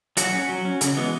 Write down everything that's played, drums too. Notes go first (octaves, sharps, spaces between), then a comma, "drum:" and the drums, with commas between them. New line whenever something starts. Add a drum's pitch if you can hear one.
F#3 F#4, drum: hi-hat
C#4
F#3
C#4
C#3, drum: hi-hat
E3 G#3 B3